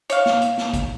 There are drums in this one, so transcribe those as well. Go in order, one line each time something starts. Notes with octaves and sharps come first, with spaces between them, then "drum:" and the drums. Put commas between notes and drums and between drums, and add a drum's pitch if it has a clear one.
C#5 F5, drum: hi-hat
drum: snare A#3
drum: hi-hat
drum: snare A#3
drum: kick, hi-hat